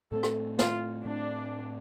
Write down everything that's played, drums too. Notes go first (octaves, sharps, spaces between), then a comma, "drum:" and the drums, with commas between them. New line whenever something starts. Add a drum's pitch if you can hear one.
A2 A3 C4 A4
drum: rim click
F4, drum: snare
A2 A3 C4 D4